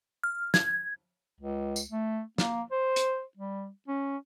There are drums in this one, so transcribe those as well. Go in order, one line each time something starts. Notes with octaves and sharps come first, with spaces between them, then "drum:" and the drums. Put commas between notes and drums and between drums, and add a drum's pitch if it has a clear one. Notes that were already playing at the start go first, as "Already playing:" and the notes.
F6
G#6, drum: snare
C#2
drum: tambourine
A3
A#3, drum: snare
C5
drum: hi-hat
G3
C#4